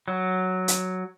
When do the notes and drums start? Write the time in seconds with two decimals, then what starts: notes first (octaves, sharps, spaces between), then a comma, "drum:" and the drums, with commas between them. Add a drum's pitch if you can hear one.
0.08 F#3
0.68 drum: hi-hat